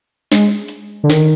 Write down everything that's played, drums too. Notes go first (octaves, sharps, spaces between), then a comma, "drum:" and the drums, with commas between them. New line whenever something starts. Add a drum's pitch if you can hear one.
G#3, drum: snare
drum: hi-hat
D3
D#3, drum: snare